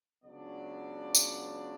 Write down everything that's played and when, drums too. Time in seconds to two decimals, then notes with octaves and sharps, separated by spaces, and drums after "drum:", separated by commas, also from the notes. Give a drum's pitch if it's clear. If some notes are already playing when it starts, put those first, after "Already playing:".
0.24 C#2 C#3 F#3 B3 D4 D5
1.15 drum: tambourine